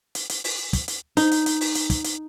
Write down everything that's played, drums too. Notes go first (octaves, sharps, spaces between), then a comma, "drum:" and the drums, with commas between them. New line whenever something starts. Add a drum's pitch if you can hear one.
drum: hi-hat
drum: hi-hat
drum: open hi-hat
drum: kick, hi-hat
drum: hi-hat
D#4, drum: hi-hat
drum: hi-hat
drum: hi-hat
drum: open hi-hat
drum: hi-hat
drum: kick, hi-hat
drum: hi-hat